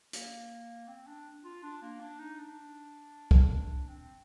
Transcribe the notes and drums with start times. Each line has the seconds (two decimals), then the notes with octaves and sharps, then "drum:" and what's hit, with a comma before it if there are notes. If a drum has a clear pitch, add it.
0.13 A#3, drum: hi-hat
0.88 C4
1.07 D4
1.44 F4
1.63 D4
1.82 A#3
2.00 D4
2.19 D#4
2.38 D4
3.31 drum: kick C2
3.89 C4